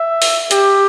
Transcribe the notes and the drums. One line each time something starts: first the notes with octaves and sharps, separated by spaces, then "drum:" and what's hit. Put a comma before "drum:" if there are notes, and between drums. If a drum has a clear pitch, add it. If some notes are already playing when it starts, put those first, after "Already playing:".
Already playing: E5
drum: open hi-hat
G4, drum: hi-hat